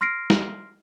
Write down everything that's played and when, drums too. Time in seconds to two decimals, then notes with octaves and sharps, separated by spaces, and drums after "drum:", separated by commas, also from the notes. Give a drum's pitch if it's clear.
0.01 C6 F6 A#6 C7 D7
0.30 drum: snare